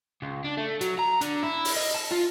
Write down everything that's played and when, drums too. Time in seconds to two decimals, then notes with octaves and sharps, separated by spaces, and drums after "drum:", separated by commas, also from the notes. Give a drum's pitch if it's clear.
0.22 C#2
0.45 D4
0.58 A3
0.81 F#3, drum: hi-hat
0.99 A#5
1.21 D3, drum: hi-hat
1.43 E4
1.65 drum: open hi-hat
1.77 D#5
1.95 A5
2.12 F4